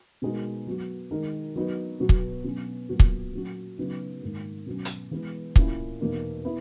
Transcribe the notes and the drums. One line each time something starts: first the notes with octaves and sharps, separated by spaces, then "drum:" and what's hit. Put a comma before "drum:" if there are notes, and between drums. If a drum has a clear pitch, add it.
B2 G#3 D#4 F#4 A#4
F#3 B3 F#4
D#3 G#3 D#4 A#4
F#3 B3 D#4 F#4 B4
B2 F#3 B3 F#4
drum: kick
B2 F#3 C#4
A#2 F#3 B3 F#4
drum: kick
A#2 F#3 C#4 F#4
C#3 F#3 B3 D#4
G#2 D#3 A#3
B2 F#3 C#4
drum: hi-hat
E3 G#3 B3
A#2 A#3 C#4 E4, drum: kick
E2 B2 A#3 D#4
B3 E4